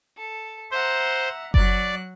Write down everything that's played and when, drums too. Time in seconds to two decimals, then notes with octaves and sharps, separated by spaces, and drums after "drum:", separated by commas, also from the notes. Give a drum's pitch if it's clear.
0.17 A4
0.71 C5 E5 F#5 A#5
1.54 F#3 D5 F#6, drum: kick F#1